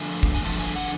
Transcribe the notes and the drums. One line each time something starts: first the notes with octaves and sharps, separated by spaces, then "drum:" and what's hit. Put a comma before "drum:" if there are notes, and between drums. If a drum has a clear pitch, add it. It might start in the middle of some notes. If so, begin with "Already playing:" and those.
Already playing: D3 F3 A3 G#5
drum: kick
G#5
D3 F3 A3 A5
G#5
F#5